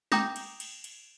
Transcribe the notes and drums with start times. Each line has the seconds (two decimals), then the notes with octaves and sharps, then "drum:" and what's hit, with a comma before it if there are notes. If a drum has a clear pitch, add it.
0.12 G5 A#5 D6 D#6 G6 A#6, drum: snare
0.36 drum: cymbal
0.60 drum: cymbal
0.84 drum: cymbal